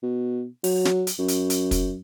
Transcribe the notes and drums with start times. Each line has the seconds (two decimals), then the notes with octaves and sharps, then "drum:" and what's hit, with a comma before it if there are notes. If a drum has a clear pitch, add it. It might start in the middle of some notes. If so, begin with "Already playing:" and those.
0.03 B2
0.64 F#3, drum: open hi-hat
0.85 drum: snare
1.07 drum: hi-hat
1.19 F#2
1.28 drum: hi-hat
1.50 drum: hi-hat
1.71 drum: kick, hi-hat